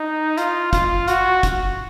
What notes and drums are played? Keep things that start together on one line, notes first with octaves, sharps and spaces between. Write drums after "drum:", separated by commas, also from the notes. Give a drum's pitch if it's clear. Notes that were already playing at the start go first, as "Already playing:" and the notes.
Already playing: D#4
F4, drum: hi-hat
F4, drum: kick, hi-hat
F#4, drum: hi-hat
drum: kick, hi-hat